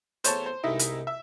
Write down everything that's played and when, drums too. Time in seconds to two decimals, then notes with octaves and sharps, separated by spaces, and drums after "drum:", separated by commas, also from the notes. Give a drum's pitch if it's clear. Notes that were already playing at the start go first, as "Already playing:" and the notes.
0.24 E2 A3 C5 C#5 A5, drum: hi-hat
0.46 C5
0.64 C2 G2 G#3 D#4 E4
0.79 drum: hi-hat
1.07 E5